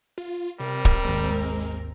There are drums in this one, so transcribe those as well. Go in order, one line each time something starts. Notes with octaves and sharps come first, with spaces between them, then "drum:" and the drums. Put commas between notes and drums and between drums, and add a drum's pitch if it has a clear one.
F4
C3 G3 C4 A#4
drum: kick
G#1 D#2 G#3